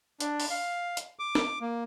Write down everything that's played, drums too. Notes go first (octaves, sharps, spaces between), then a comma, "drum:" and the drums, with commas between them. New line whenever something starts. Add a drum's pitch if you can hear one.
D4, drum: hi-hat
drum: open hi-hat
F5
drum: hi-hat
D6
drum: snare
A#3